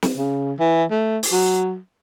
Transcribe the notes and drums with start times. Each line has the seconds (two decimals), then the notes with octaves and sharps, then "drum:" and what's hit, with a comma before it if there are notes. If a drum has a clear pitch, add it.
0.02 drum: snare
0.17 C#3
0.60 E3
0.91 A3
1.23 drum: open hi-hat
1.32 F#3